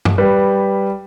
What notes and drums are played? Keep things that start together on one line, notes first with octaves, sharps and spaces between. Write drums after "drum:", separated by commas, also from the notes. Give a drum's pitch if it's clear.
drum: tom
G3 B4